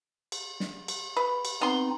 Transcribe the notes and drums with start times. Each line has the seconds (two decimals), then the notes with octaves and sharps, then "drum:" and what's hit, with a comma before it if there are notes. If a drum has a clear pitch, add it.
0.32 drum: cymbal
0.60 drum: snare
0.88 drum: cymbal
1.17 B4
1.45 drum: cymbal
1.61 B3 C4 D#4 C6